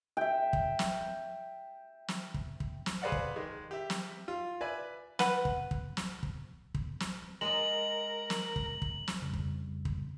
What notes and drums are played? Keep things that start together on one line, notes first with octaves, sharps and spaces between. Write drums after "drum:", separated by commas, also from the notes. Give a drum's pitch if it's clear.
E5 G5
drum: kick
drum: snare
drum: snare
drum: kick
drum: kick
drum: snare
G#4 B4 C5 D5 F5 F#5
drum: kick
D#3 G#3
G4 E5
drum: snare
F4
B4 D5 E5 G#5
B4 F#5, drum: snare
drum: kick
drum: kick
drum: snare
drum: kick
drum: kick
drum: snare
G#3 A#4 D5 D#5 F#7
drum: snare
drum: kick
drum: kick
drum: snare
F2 C#3 G3
drum: kick
drum: kick